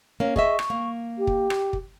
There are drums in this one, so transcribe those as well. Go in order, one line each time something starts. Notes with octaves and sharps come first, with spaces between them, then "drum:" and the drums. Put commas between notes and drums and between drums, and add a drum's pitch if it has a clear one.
A#3 C#4
G#4 D#5 E5 C#6, drum: kick
drum: rim click
A#3
G4
drum: kick
drum: rim click
drum: kick